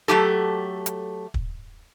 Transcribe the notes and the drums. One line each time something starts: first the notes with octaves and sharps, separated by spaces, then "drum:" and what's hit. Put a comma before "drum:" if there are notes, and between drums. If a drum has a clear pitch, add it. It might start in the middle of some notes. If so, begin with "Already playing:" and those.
F#3 A3 G4 A4
drum: hi-hat
drum: kick